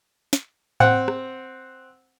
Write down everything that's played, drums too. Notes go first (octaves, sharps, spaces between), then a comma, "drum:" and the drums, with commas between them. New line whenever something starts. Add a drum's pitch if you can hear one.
drum: snare
C4 F#5, drum: tom A2
drum: rim click